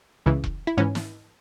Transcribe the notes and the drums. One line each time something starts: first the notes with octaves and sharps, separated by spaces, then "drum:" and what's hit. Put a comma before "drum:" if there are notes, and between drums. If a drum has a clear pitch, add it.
C#2 C#3 E3
drum: kick E1
E4
G#2 E3 C#4
drum: snare